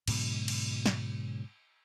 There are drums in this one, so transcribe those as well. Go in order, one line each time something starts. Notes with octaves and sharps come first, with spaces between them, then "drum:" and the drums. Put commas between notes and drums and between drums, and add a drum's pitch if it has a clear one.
G#2 B2 D3 F#3, drum: cymbal
drum: cymbal
drum: snare